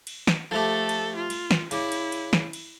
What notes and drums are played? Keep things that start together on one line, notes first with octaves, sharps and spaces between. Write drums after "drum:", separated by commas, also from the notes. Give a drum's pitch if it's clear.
drum: cymbal
drum: snare
F3 A3 E4 G4 A4
drum: cymbal
F4
drum: cymbal
drum: snare
C#3 E4 D5, drum: cymbal
drum: cymbal
drum: cymbal
drum: snare
drum: cymbal